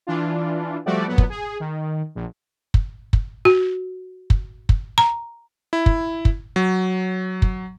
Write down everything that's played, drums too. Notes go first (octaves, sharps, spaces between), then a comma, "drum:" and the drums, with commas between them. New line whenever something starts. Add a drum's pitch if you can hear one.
E3 D4 F4
F3 G3 A3 F#4 D5
A#2 F#3 B3
drum: kick
G#4
D#3
A#1
drum: kick
drum: kick
F#4
drum: kick
drum: kick
A#5
E4
drum: kick
drum: kick
F#3
drum: kick